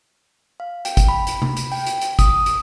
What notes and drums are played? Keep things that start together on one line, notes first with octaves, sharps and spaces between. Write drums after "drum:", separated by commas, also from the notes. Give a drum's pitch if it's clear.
F5
G5, drum: hi-hat
drum: kick, hi-hat
B5
drum: hi-hat
drum: tom C3
drum: hi-hat
G5, drum: open hi-hat
drum: hi-hat
drum: hi-hat
D#6, drum: kick, hi-hat
drum: hi-hat